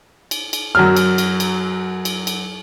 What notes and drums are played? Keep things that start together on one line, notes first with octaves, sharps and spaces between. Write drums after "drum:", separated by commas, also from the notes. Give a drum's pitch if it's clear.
drum: cymbal
drum: cymbal
F#2 F#3 F6
drum: cymbal
drum: cymbal
drum: cymbal
drum: cymbal
drum: cymbal